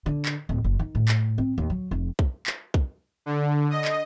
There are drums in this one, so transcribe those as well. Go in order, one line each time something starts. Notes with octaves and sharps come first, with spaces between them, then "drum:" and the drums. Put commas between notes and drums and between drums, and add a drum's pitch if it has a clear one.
D3
drum: clap
D1
F#1
D#3
A2
drum: clap
C4
D#2
F#3
F1
drum: kick
drum: clap
drum: kick
D3
D#5
drum: clap